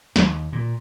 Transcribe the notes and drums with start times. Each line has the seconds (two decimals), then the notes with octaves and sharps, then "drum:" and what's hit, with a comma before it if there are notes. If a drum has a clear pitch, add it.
0.16 D#2, drum: snare
0.52 A#2